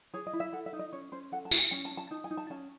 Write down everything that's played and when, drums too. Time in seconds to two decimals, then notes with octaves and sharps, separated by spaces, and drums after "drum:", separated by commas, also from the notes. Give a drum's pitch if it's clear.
0.14 G#4 C#5
0.27 D#5
0.33 E4
0.40 E5
0.53 A4 F#5
0.66 E5
0.73 D#4
0.79 D#5
0.93 C#4 C#5
1.12 C#4 C5
1.32 A4 F#5
1.45 A5
1.51 E4, drum: tambourine
1.58 G#5
1.71 C#4 G#5
1.85 A5
1.91 C#4
1.97 A5
2.11 D#4 A5
2.24 G#5
2.31 D#4
2.37 A5
2.50 C#4 A5